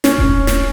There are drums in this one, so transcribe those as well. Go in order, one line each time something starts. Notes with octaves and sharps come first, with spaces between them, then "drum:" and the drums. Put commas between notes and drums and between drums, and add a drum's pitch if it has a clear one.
C#4, drum: snare
drum: kick D#1
drum: snare